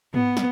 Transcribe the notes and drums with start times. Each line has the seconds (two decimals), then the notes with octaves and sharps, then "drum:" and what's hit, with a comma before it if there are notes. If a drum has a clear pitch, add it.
0.14 B3, drum: tom G#2
0.37 drum: snare